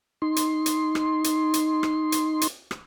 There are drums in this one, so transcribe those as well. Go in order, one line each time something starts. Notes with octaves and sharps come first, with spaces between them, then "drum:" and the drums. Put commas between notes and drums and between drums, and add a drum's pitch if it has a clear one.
D#4 C6
drum: hi-hat
drum: hi-hat
drum: rim click
drum: hi-hat
drum: hi-hat
drum: rim click
drum: hi-hat
drum: hi-hat
drum: rim click